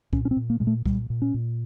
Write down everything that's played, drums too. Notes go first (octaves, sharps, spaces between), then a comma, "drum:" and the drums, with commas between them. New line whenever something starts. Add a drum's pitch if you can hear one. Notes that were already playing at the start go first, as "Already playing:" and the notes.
A#2 C#4, drum: kick C2
C#4
C4
A#2
A#3
A#2 G#3
A3
A#2 G3, drum: kick C2
A#2
C#4
A#2